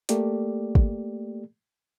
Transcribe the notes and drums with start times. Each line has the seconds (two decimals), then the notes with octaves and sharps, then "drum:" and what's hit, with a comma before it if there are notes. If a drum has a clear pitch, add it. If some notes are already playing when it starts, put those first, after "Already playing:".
0.09 A3 A#3 G4 A4 D5, drum: hi-hat
0.75 drum: kick